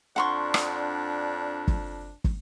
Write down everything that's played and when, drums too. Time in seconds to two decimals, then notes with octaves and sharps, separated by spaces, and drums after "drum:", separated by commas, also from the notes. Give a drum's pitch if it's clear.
0.16 F2 D4 F#5 C6 C#6
0.54 drum: rim click
1.68 drum: kick
2.24 drum: kick